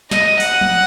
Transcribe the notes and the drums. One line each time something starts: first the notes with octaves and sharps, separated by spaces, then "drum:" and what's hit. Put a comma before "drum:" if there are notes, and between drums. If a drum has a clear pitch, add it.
D#5, drum: snare
F#5, drum: open hi-hat
drum: tom